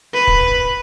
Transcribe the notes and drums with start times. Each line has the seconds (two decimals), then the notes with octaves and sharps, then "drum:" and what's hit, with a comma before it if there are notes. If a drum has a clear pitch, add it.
0.14 B4
0.27 drum: kick